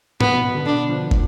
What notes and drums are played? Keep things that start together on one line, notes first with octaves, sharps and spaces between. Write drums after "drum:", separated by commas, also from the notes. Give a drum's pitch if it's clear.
A#2 B3, drum: tom
B2
B2
D3
D3 D4
F3
drum: kick